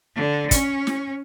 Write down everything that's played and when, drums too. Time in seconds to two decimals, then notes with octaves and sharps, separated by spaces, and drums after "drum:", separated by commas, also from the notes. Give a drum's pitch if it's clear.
0.16 D3
0.51 C#4, drum: kick, hi-hat
0.87 drum: snare